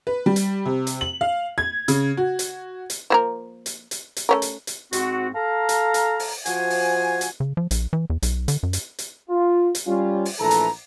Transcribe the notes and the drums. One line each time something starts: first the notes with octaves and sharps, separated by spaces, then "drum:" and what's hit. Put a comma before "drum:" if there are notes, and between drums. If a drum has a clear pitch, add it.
B4
G3
drum: hi-hat
C3
drum: hi-hat
F#7
F5
G#6
C#3, drum: hi-hat
F#4
drum: hi-hat
drum: hi-hat
F3 A#3 A#4
drum: hi-hat
drum: hi-hat
drum: hi-hat
A3 C#4 A#4
drum: hi-hat
drum: hi-hat
G#2 C4 F#4, drum: hi-hat
A4 F5 A#5
drum: hi-hat
drum: hi-hat
drum: open hi-hat
F3 F#4 C5 G#5, drum: hi-hat
drum: open hi-hat
drum: hi-hat
C#3
F3
A#1, drum: hi-hat
E3
E2
B1, drum: hi-hat
D3, drum: hi-hat
F#2
drum: hi-hat
drum: hi-hat
F4
drum: hi-hat
G3 C#4 F4
drum: open hi-hat
A#1 E3 A3 A4 B4 A#5
drum: hi-hat